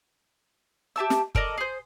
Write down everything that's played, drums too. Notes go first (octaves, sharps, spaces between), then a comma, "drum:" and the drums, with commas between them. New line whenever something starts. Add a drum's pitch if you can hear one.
G4 E5 A5 E6
drum: snare
A4 A#4 D5 D#5, drum: kick F#1
G#4 C5